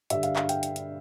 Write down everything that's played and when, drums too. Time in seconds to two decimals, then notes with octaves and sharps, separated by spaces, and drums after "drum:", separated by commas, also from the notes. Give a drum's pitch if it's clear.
0.10 G2 D3 G3 E5, drum: hi-hat
0.23 F5, drum: hi-hat
0.36 F5, drum: clap
0.49 G5, drum: hi-hat
0.63 drum: hi-hat
0.76 drum: hi-hat